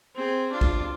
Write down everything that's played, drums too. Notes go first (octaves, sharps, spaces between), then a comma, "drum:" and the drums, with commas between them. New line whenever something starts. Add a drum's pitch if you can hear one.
C4 G#4
D4 F4
drum: kick